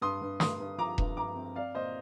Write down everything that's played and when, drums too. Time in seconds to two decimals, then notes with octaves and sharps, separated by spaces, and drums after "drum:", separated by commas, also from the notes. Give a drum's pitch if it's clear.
0.01 G2 C6 D#6
0.21 G2
0.40 G2 C6 D#6, drum: snare
0.60 G2
0.78 F3 A#5 D6
0.98 G2, drum: kick E1
1.17 G2 A#5 D6
1.36 C4
1.55 C4 D5 F5
1.75 A#2 C5 D#5